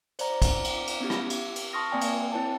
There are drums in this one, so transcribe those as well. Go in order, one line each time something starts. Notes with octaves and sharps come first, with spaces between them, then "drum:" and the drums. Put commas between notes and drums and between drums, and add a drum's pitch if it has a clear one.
C5 D5 A#5, drum: cymbal
drum: kick, cymbal
drum: cymbal
drum: cymbal
B3 C#4 E4 G4
drum: rim click
G4, drum: cymbal
drum: cymbal
A5 C6 C#6 D#6 F6 A#6
A#3 C4 D5 G5 G#5
drum: cymbal
C4 E4 C#5 G5 A5